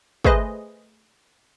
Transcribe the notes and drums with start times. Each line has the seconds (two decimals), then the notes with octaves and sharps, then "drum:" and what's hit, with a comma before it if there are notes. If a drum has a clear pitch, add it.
0.24 A3 G#4 B4 C5 D#5, drum: kick